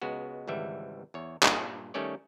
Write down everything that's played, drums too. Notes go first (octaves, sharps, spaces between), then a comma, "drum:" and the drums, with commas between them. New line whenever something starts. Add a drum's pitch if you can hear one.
C#2 G#3 B3 F#4
G#1 C#2 E3 G3 E5
E2 C#5
G2 A#2, drum: clap
D#3 G3 A3 C#4 C#5 D5